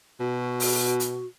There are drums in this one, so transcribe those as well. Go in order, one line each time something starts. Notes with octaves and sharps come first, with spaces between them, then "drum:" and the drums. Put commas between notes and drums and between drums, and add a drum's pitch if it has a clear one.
B2 F#4
drum: open hi-hat
drum: hi-hat